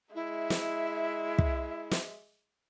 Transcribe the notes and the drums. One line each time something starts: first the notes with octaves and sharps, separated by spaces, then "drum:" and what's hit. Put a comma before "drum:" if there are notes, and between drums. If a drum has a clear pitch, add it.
G#3 E4 E5
drum: snare
drum: kick
drum: snare